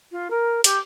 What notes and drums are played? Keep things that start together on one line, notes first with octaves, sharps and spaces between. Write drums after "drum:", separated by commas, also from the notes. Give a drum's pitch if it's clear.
F4
A#4
G4, drum: hi-hat